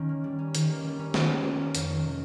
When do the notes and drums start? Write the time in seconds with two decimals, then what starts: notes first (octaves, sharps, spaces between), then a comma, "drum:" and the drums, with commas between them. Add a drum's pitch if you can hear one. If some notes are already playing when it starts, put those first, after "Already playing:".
Already playing: D#3 C#4
0.09 A#3
0.24 G3
0.39 C#4
0.55 D#3, drum: hi-hat
0.69 A#3
0.84 G3
0.99 C#4
1.14 D#3, drum: snare
1.30 A#3
1.44 G3
1.59 C#4
1.75 F2, drum: hi-hat
1.90 D#3
2.04 C3